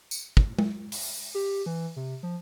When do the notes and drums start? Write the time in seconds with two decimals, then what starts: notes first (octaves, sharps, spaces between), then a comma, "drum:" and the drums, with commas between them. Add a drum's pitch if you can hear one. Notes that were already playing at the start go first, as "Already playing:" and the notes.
0.11 drum: tambourine
0.37 drum: kick
0.59 drum: tom G#3
0.92 drum: open hi-hat
1.35 G4
1.66 E3
1.96 C3
2.23 F3